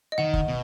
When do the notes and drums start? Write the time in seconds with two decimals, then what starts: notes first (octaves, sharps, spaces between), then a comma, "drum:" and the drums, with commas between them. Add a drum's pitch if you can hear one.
0.12 D#5
0.18 D#3 F#5
0.34 drum: kick F1
0.48 B2